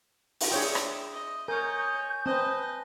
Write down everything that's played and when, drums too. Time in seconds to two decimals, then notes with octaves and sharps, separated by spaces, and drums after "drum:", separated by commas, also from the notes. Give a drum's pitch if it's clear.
0.40 drum: open hi-hat
0.52 D4 G#4 C#5 E5 G5 C6 D#6 G6
0.75 drum: rim click
1.13 D#5
1.48 A#4 C#5 D#5 G#5 D#6 G6
2.26 C4 B4 D#5 A5